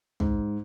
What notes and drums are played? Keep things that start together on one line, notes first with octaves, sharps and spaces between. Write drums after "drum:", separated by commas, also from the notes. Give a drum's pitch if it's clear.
G#2, drum: tom